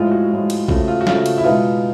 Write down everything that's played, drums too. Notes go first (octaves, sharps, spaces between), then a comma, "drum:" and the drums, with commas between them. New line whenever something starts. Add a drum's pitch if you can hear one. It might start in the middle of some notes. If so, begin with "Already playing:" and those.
Already playing: A2 F3 G#3 F4
F#4
A2 F3 G#3
drum: cymbal
C#3 F3 A3 F#4, drum: kick A#1
F4
F#4
C#3 F3 A3 F4, drum: snare
drum: cymbal
E4
B2 G#3 B3 D#4 F4